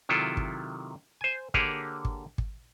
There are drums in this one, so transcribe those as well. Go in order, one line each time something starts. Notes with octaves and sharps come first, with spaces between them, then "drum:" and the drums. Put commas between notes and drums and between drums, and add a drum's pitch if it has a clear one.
C3 D#3 F#3 E4 F4 A4
drum: kick
C5 G#5
D3 A#3 G4 G#4 C#5, drum: kick
drum: kick
drum: kick